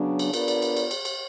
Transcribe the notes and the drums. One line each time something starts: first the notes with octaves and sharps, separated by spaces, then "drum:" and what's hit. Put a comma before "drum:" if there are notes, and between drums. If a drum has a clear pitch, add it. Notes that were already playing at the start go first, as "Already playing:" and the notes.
Already playing: C#3 F#3 B3 D4
drum: cymbal
B3 D4 F4 A#4 D5, drum: cymbal
drum: cymbal
drum: cymbal
drum: cymbal
drum: cymbal
drum: cymbal